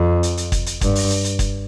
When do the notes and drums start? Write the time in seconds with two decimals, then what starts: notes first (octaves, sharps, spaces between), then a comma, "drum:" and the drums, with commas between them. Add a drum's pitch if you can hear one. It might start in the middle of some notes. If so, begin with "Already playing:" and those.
Already playing: F2
0.23 drum: hi-hat
0.37 drum: hi-hat
0.52 drum: kick, hi-hat
0.66 drum: hi-hat
0.81 G2, drum: kick, hi-hat
0.95 drum: open hi-hat
1.10 drum: hi-hat
1.24 drum: hi-hat
1.39 drum: kick, hi-hat